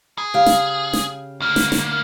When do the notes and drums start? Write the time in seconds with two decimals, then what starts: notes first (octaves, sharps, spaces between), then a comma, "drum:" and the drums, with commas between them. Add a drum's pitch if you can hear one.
0.18 G#4
0.34 C#3 G4 F5
0.46 drum: snare
0.93 drum: snare
1.40 D2 A#3
1.56 drum: snare
1.72 drum: snare